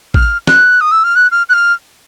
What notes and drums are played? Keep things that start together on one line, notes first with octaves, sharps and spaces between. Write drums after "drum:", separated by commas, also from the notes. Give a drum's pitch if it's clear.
F6, drum: kick A1
F#6, drum: snare
D#6
E6
F6
F#6
F6
F#6
F6